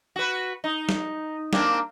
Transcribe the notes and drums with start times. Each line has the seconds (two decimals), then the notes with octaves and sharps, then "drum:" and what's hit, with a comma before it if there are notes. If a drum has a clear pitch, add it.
0.16 F#4 B4
0.64 D#4
0.89 drum: snare
1.53 A#3 C4 D4, drum: snare